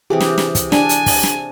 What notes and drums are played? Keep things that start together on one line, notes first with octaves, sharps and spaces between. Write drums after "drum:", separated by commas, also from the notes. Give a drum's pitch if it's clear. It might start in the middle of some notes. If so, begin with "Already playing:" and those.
C3 E3 G4 G#4 D6
drum: snare
drum: snare
drum: kick, hi-hat
D4 G#5, drum: snare
drum: hi-hat
drum: kick, open hi-hat
drum: snare